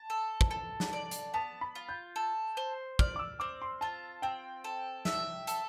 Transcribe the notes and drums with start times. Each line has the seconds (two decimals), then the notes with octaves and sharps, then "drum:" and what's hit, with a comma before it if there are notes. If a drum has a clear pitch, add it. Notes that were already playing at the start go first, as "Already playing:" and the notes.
Already playing: A5
0.10 A4
0.41 drum: kick
0.51 A4
0.80 drum: snare
0.93 D5
1.11 drum: hi-hat
1.34 B3 A5
1.61 B5
1.75 F4
1.89 G6
2.16 A4
2.57 C5
2.99 D5 F6, drum: kick
3.16 D6
3.19 E6
3.40 C4 D6
3.62 C6
3.81 F4 A5
4.22 C4 G5
4.64 A4
5.05 E5, drum: snare
5.47 A4, drum: hi-hat